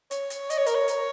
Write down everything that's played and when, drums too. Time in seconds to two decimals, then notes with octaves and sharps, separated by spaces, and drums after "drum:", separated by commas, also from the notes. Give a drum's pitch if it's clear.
0.11 C#5, drum: hi-hat
0.30 drum: hi-hat
0.50 D#5, drum: hi-hat
0.58 C#5
0.66 A#4, drum: hi-hat
0.75 C#5
0.88 drum: hi-hat